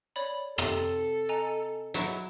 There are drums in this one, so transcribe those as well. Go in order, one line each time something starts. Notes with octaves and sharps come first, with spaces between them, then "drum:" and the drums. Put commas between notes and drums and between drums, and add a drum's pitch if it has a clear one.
C#5 D5 B5
C3 A4, drum: rim click
D#5 G#5 A#5
F#3 E4, drum: hi-hat